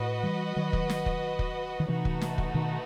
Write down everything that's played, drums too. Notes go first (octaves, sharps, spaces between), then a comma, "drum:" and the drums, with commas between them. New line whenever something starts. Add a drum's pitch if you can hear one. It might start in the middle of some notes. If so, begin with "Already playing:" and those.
Already playing: A2 F#4 B4 D#5
E3 G3
D#3 F#3
drum: kick
drum: snare
drum: kick
drum: kick
D#3
C3 E3 A3 D#4 F#4 B4
drum: kick
drum: snare
drum: kick
B2 D#3